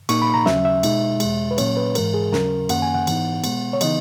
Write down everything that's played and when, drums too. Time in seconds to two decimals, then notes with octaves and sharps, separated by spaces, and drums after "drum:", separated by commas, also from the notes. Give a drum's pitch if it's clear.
0.09 A#2 A#3 D#4 C#6, drum: cymbal
0.22 B5
0.34 A#5
0.46 D#2 C#3 F#3 C#4 E5, drum: snare
0.65 E5
0.83 B2 G#3 D#4, drum: cymbal
1.20 E2 B2 G#3, drum: cymbal
1.51 B4
1.58 A#2 F#3 A#3 C#4 C#5, drum: cymbal
1.77 B4
1.95 G#2 E3 G#3 A#4, drum: cymbal
2.14 G#4
2.32 D#2 C#3 F#3 C#4 A#4, drum: snare
2.69 F#2 D#3 A#3 C#4 F#5, drum: cymbal
2.82 G#5
2.94 F#5
3.07 G#2 E3 B3 D#4, drum: cymbal
3.44 B2 G#3 B3, drum: cymbal
3.73 C#5
3.81 C#3 E3 B3 D#4 D#5, drum: cymbal